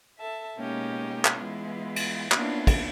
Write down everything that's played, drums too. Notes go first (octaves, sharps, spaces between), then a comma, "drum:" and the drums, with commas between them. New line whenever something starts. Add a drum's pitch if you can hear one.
A4 E5 A5
B2 G#3 A#3 C#4 D#4 G4
drum: clap
E3 G#3 B3 E4 F4
drum: cymbal
A#3 B3 C#4 D4 E4 F4, drum: clap
drum: kick, cymbal